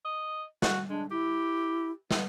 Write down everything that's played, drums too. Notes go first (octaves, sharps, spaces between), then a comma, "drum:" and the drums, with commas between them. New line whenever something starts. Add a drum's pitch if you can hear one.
D#5
F#4, drum: snare
G#3 D4
E4 G4
B3, drum: snare